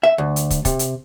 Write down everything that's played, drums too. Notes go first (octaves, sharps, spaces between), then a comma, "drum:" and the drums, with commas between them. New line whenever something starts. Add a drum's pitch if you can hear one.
E5
D2
drum: hi-hat
drum: kick, hi-hat
C3, drum: kick, hi-hat
drum: hi-hat